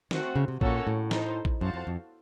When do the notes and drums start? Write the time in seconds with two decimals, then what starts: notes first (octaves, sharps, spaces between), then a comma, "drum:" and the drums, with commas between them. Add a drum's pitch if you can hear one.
0.11 D#3 A3 C4 F#4, drum: snare
0.36 C#3
0.48 C3
0.61 A#2 A#3 C#4 F#4 A4 C#5, drum: kick A#1
0.87 A2
1.11 D#4 A4 C5, drum: snare
1.45 drum: kick A#1
1.61 F#2 F#4 C5 F5 A5
1.74 F2
1.87 F2